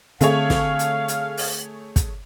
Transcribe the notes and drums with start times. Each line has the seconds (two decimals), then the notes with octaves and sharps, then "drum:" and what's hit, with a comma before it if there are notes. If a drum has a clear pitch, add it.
0.21 D3 A3 C4 G#4 C#5 F5, drum: hi-hat
0.50 drum: snare
0.79 drum: hi-hat
1.08 drum: hi-hat
1.37 drum: open hi-hat
1.96 drum: kick, hi-hat